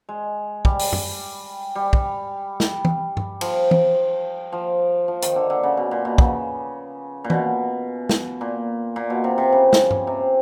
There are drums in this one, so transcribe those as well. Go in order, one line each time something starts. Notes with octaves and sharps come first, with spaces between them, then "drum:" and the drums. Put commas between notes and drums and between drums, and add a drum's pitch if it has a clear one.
G#3
G3, drum: kick
drum: open hi-hat
drum: tom
G3
drum: kick
drum: snare
drum: tom
drum: tom
F3, drum: cymbal
drum: tom
F3
F3
D#3, drum: hi-hat
D3
D3
C#3
B2
A#2
B2
C#3, drum: kick
A#2
B2, drum: tom
drum: snare
A#2
A#2
B2
C3
C3
C#3
drum: snare
drum: tom
C3